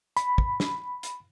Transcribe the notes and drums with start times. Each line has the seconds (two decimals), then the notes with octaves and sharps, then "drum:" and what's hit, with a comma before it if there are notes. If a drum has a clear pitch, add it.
0.17 B5, drum: hi-hat
0.38 drum: kick
0.60 drum: snare
1.03 drum: hi-hat